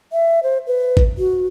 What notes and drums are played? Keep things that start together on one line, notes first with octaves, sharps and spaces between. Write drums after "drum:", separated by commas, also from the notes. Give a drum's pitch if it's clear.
E5
C5
B4
drum: kick G#1
F#4